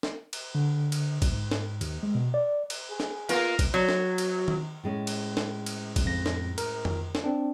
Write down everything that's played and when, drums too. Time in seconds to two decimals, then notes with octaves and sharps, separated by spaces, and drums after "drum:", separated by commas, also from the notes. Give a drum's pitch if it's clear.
0.03 drum: snare
0.33 drum: cymbal
0.55 D3
0.92 drum: cymbal
1.22 drum: kick A1, cymbal
1.32 G#2
1.51 drum: snare
1.81 D#2, drum: cymbal
2.03 G#3
2.15 B2
2.34 D5
2.70 drum: cymbal
2.90 G#4
3.00 drum: snare
3.29 A#3 B3 F4 A#4, drum: cymbal
3.59 drum: kick A1, cymbal
3.74 F#3
3.89 drum: snare
4.18 drum: cymbal
4.48 drum: tom D#3
4.84 A2 G#3 C#4
5.07 drum: cymbal
5.37 drum: snare
5.66 drum: cymbal
5.96 drum: kick A1, cymbal
6.05 F2 A#6
6.26 drum: snare
6.58 A#4, drum: cymbal
6.85 drum: tom F2
7.15 drum: snare
7.24 C4 D4